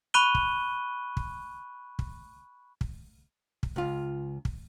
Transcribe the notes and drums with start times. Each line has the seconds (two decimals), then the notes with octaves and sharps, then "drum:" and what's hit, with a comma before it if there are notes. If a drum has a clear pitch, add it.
0.14 B5 C#6 F#6 D#7 G7
0.35 drum: kick
1.17 drum: kick
1.99 drum: kick
2.81 drum: kick
3.63 drum: kick
3.76 C#2 F4
4.45 drum: kick